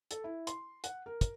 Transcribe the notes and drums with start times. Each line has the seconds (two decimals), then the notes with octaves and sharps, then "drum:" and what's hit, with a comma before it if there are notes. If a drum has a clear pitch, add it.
0.11 A4, drum: hi-hat
0.24 E4
0.47 C6, drum: hi-hat
0.84 F#5, drum: hi-hat
1.06 A#4
1.21 drum: kick, hi-hat